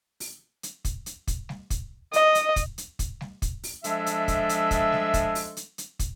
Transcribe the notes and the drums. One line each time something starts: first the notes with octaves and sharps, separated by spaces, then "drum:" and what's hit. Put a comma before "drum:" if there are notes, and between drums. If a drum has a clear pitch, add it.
drum: open hi-hat
drum: hi-hat
drum: kick, hi-hat
drum: hi-hat
drum: kick, hi-hat
drum: snare G3
drum: kick, hi-hat
D#5, drum: hi-hat
drum: hi-hat
drum: kick, hi-hat
drum: hi-hat
drum: kick, hi-hat
drum: snare G3
drum: kick, hi-hat
drum: open hi-hat
F3 G#3 D4 A4 E5, drum: hi-hat
drum: hi-hat
drum: kick, hi-hat
drum: hi-hat
drum: kick, hi-hat
drum: snare G3
drum: kick, hi-hat
drum: open hi-hat
drum: hi-hat
drum: hi-hat
drum: kick, hi-hat